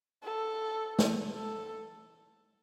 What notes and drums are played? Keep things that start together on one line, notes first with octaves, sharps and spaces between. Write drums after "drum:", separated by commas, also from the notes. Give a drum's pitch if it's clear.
A4
drum: snare
A4